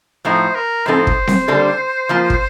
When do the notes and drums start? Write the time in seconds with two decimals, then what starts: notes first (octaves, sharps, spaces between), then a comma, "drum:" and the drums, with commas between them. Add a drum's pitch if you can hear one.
0.25 A2 F3 A3 D#4 C5
0.55 A#4
0.86 A2 F3 C4 D#4 A4 C5
1.07 drum: kick
1.27 drum: snare C4
1.48 D3 G3 A#3 D4 A4
2.09 F3 A#3 F4
2.30 drum: kick